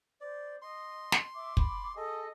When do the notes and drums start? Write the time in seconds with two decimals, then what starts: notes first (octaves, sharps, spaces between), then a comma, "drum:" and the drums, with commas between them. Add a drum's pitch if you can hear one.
0.21 C5 D5
0.62 D#5 C6
1.12 drum: snare
1.35 E5 D6
1.57 B5, drum: kick
1.96 G#4 A4 D#5